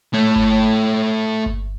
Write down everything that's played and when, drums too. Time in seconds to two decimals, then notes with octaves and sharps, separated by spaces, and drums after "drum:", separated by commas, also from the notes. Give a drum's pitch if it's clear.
0.14 A3 C#5
0.36 drum: kick G1
1.46 drum: kick G1